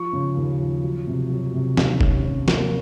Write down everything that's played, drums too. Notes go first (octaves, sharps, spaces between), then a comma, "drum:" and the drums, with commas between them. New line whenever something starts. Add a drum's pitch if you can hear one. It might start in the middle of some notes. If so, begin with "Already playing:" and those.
Already playing: F3 C#6
C#3
D#2
F3
F#3
C3
F#3
C3
D#2, drum: snare
C#4, drum: kick F1
C#4
A#3, drum: snare